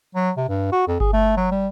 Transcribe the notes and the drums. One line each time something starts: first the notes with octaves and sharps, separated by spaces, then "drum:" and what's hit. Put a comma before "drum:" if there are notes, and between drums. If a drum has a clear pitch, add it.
F#3
C3
G2
F#4
F2
G#4, drum: kick G1
A3
F#3
G3